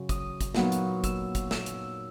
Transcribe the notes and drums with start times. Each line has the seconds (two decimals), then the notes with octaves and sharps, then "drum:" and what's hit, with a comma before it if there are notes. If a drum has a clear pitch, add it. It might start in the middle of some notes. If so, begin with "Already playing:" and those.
Already playing: F#2 C#3 F#3
0.09 D#6, drum: kick, hi-hat
0.41 drum: kick, hi-hat
0.55 A#2 F#3 B3 D#4, drum: snare
0.72 drum: hi-hat
1.04 E6, drum: kick, hi-hat
1.35 drum: kick, hi-hat
1.51 E6, drum: snare
1.66 drum: hi-hat